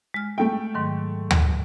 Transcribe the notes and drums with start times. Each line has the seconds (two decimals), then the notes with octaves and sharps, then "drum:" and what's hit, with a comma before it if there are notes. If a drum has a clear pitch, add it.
0.14 G#3 F6
0.38 A3 G5
0.74 G#2 D#3 F#3
1.31 drum: tom D2